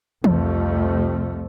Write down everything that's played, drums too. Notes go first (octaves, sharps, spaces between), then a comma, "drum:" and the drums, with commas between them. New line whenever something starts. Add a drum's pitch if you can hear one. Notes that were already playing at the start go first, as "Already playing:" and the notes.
C2 F2 C3 F3 A3, drum: tom E3